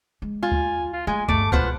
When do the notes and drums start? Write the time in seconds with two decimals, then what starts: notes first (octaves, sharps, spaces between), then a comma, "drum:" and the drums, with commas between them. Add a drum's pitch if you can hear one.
0.22 G#3
0.43 F4 G#5
0.52 drum: kick D2
0.93 F4
1.07 G#3 A3 G#5
1.28 G1 A3 D6, drum: kick D2
1.52 C#2 B2 F4 B4 C5 F#5, drum: kick D2